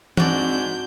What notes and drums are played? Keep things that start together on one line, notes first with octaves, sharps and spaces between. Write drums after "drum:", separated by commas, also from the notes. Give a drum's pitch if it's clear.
G#2 C4 D4 F#4 D5 G6, drum: tom E3